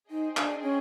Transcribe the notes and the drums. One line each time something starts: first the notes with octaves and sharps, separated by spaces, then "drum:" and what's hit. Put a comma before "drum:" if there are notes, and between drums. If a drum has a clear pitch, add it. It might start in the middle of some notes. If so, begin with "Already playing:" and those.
D#4 G#4 C5 D#5 G5
D4, drum: clap
C#4